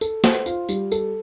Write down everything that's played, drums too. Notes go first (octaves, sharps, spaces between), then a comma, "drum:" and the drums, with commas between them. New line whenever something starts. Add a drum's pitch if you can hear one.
A4, drum: tambourine
C5, drum: snare
F4, drum: tambourine
G3, drum: tambourine
A4, drum: tambourine